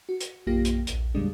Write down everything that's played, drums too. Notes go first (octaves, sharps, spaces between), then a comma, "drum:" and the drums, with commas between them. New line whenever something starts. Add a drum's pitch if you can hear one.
F#4
drum: hi-hat
A#1 F#2 A#3 F4 G4 A#6
drum: hi-hat
A#1 D#2, drum: hi-hat
F2 A#2 D3 G3 G#3 D4